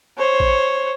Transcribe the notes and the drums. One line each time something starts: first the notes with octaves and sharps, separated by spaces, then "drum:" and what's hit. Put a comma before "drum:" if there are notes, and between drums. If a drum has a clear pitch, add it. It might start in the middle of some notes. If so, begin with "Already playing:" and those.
C5 C#5
drum: kick